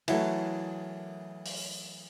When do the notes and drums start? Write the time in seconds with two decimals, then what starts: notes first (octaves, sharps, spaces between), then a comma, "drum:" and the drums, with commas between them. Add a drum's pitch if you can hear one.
0.08 E3 F#3 A3, drum: cymbal
1.45 drum: open hi-hat